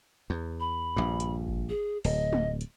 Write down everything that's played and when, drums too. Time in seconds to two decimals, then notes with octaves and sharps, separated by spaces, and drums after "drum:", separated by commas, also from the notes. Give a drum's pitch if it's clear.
0.30 E2
0.60 B5
0.96 A#1 G2
1.20 drum: hi-hat
1.48 drum: kick G#1
1.69 G#4
2.04 D1 D#5, drum: open hi-hat
2.33 drum: tom
2.61 drum: hi-hat